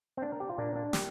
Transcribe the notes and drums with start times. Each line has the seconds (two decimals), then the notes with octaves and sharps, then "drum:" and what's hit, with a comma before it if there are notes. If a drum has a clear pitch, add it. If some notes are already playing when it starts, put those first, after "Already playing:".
0.17 C4
0.22 D4
0.32 A#4
0.40 G4
0.49 F4
0.58 A#2 A#3 D4
0.76 D4
0.93 G4, drum: snare